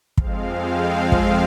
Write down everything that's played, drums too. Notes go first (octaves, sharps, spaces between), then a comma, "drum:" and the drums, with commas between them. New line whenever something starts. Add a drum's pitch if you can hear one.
F2 F3 G#3 C4 F5, drum: kick
drum: kick